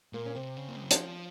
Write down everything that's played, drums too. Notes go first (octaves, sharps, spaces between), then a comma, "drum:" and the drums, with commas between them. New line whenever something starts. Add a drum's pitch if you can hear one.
A#2 A#3
C#4
C3 C4
C#3
A#3
G#3
F#3
F3, drum: hi-hat